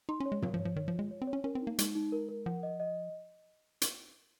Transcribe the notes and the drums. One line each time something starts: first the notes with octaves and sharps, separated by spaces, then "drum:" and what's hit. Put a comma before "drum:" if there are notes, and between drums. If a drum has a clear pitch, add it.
D#4 C6
C#4
C#5
G#3
F#3 C#5, drum: tom
F3
C#5
F3
D#3 C#5
F3
F4
G#3
C#5
C4
C#5
C#4
C#4 A#4
C4
D#4
A#3
G#3 D#4, drum: hi-hat
D#4
A#4
A#4
F3 F#5
D#5
D#5
drum: hi-hat